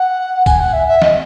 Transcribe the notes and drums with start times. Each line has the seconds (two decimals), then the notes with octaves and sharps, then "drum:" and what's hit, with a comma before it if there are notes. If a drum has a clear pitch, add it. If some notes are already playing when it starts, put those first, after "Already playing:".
Already playing: F#5
0.46 G#5, drum: kick, tambourine
0.60 F#5
0.73 E5
0.88 E5
1.02 D#5, drum: snare